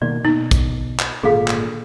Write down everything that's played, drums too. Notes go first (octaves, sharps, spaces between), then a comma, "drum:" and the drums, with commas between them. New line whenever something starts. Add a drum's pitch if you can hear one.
B2 D#3 A#3 D5
B2 D#4
drum: kick, hi-hat
drum: clap
G#1 A#2 D3 G#4 A4 F5
drum: clap